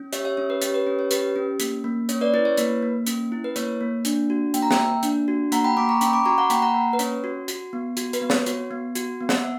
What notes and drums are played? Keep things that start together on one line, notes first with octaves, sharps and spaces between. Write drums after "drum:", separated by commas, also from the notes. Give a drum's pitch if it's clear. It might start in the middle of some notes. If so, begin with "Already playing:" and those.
Already playing: C#4
G4 C#5 E5, drum: hi-hat
C#5 E5
C#4 C#5
B4
G4 C#5, drum: hi-hat
B4
C#4
C#5
G4 B4, drum: hi-hat
C#4
A#3, drum: hi-hat
A#3
C#4 C#5, drum: hi-hat
B4 D5
E4 B4
C#5
A#3 B4, drum: hi-hat
A#3
C#4, drum: hi-hat
E4
B4
A#3 C#5, drum: hi-hat
A#3
D4, drum: hi-hat
F#4
A#3 G5, drum: hi-hat
A#5
E5 G5, drum: snare
A#3
D4, drum: hi-hat
F#4
A#3 F#5 A#5, drum: hi-hat
G5 B5
A#3 B5 D6
A#5 C#6
C#4 G5 B5, drum: hi-hat
B5 D6
F#4 A#5 C#6
F#5 A#5
A#3 G5 B5, drum: hi-hat
F#5 A#5
A#3
B4
C#4 C#5, drum: hi-hat
F#4
F#4, drum: hi-hat
B3
F#4, drum: hi-hat
B4, drum: hi-hat
B3
C#5, drum: snare
F#4, drum: hi-hat
B3
F#4, drum: hi-hat
B3
F#5, drum: snare
E5